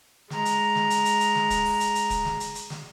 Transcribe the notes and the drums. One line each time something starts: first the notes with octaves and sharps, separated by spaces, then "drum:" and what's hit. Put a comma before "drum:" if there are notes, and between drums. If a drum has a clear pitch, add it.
G#3 A#5, drum: snare
drum: hi-hat
drum: snare
drum: hi-hat
drum: hi-hat
drum: hi-hat
drum: snare
drum: kick, hi-hat
drum: open hi-hat
drum: hi-hat
drum: hi-hat
drum: kick, hi-hat
drum: snare
drum: hi-hat
drum: hi-hat
drum: snare